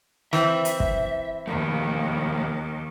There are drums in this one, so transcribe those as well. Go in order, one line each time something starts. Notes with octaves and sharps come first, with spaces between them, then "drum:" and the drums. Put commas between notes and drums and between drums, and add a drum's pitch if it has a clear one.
E3 C4 E5, drum: snare
drum: hi-hat
drum: kick
D#2 B2 F3 A3